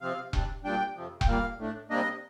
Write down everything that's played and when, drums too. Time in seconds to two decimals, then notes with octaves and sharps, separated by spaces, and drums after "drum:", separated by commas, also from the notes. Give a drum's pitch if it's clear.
0.01 C3 F3 C4 F5
0.33 C3 G3 D4, drum: kick E1
0.64 A#2 G3 D4 G5
0.96 F2 C3 F3
1.21 G5, drum: kick E1
1.27 A#2 G3 A#3 F5
1.58 A2 A3 D4
1.90 C3 G3 A#3 D4 D#5